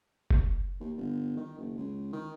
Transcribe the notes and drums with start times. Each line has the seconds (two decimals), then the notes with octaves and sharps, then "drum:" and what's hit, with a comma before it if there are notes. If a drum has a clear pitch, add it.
0.31 drum: kick F1
0.80 D#2
0.97 G1
1.37 D#3
1.58 F#1
1.78 C#2
2.13 D#3